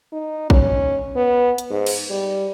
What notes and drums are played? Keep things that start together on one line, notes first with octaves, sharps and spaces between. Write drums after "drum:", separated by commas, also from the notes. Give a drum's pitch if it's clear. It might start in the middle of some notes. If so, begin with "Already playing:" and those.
D#4
C#4, drum: kick
B3
drum: hi-hat
G#2
drum: cymbal
G3